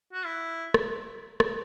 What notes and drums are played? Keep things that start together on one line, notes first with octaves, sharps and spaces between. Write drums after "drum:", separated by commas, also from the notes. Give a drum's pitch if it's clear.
F#4
E4
drum: rim click
drum: rim click